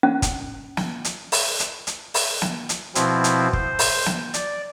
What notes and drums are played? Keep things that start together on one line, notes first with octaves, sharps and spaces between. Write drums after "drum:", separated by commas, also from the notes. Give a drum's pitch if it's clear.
C#4
drum: kick, hi-hat
drum: snare
drum: hi-hat
drum: open hi-hat
drum: hi-hat
drum: hi-hat
drum: open hi-hat
drum: snare
drum: hi-hat
B2 F3 C4 E4, drum: hi-hat
drum: hi-hat
C5, drum: kick
drum: open hi-hat
drum: snare
D5, drum: hi-hat